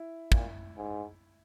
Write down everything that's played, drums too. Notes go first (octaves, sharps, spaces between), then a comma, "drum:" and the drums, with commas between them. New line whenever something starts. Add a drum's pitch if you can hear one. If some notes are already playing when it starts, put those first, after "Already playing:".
Already playing: E4
A#2, drum: kick
G#2